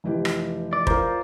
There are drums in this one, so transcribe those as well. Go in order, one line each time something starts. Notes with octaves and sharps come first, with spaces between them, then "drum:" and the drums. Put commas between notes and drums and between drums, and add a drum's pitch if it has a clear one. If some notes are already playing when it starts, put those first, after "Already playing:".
F1 E3 G4
drum: rim click
D5
F4 A#4 C5 A#5, drum: kick